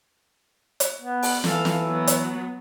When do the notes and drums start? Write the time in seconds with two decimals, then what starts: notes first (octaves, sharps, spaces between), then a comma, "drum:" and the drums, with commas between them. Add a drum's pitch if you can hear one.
0.80 drum: hi-hat
1.01 B3
1.23 drum: open hi-hat
1.44 E3 A4 F5, drum: snare
1.65 drum: snare
1.84 F#3 B3
2.07 drum: hi-hat